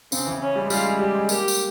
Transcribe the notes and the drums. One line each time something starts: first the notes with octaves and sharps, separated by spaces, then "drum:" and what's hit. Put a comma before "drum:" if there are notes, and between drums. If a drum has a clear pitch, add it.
C#3 C4, drum: tambourine
E3
C#4
G3
G#3
G3 F4, drum: tambourine
G#3
G3 G4
G#3
A#3 G4, drum: tambourine
drum: tambourine